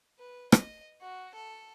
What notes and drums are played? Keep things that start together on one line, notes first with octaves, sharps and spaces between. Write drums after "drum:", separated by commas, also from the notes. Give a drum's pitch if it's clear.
B4
D#5, drum: rim click
F#4
A4